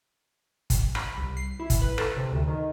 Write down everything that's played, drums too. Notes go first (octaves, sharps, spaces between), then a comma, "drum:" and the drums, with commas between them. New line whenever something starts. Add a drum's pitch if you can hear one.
drum: kick, hi-hat
B5, drum: rim click
C2
C7
E4
drum: kick, hi-hat
B4
A4, drum: rim click
C3
D2
D#3